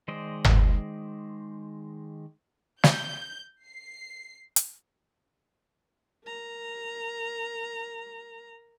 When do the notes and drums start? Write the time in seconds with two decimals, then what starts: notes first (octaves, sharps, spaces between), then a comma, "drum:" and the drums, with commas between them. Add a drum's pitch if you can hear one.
0.08 D#3 G#3 C5 D5 D#5
0.44 drum: tom G1
2.84 G6, drum: snare
3.65 C7
4.56 drum: hi-hat
6.24 A#4 A#5